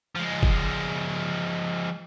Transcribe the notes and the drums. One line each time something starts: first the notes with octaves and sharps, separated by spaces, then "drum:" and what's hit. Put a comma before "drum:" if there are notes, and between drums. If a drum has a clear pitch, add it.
F3 G#3
drum: kick F#1